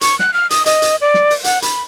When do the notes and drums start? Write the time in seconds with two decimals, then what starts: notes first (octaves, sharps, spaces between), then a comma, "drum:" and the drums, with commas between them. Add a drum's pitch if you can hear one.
0.01 C#6, drum: hi-hat
0.19 F#6, drum: snare
0.34 F6
0.50 D#6, drum: hi-hat
0.66 D#5, drum: hi-hat
0.82 drum: hi-hat
1.01 D5
1.14 drum: snare
1.30 drum: open hi-hat
1.44 F#5, drum: hi-hat
1.62 B5, drum: hi-hat